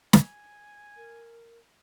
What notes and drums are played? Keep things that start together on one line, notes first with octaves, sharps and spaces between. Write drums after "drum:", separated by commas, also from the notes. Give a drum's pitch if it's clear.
G#5, drum: snare
A#4